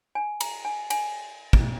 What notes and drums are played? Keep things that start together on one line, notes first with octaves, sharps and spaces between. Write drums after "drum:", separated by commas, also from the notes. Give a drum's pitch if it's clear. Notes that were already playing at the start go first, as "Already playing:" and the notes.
G#5
A#5, drum: cymbal
G#5
G#5, drum: cymbal
drum: kick